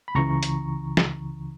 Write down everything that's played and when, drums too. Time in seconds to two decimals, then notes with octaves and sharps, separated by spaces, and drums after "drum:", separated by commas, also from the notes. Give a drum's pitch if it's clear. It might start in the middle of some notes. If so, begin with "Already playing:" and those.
0.08 B5
0.15 C#2 C#3 E3 A#5 C#6
0.43 drum: hi-hat
0.97 drum: snare